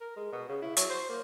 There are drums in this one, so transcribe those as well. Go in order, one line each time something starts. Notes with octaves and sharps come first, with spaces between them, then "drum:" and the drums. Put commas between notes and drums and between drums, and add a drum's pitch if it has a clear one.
A#4
G#3
B2
C#3
E4
F#3, drum: hi-hat
C5
A#3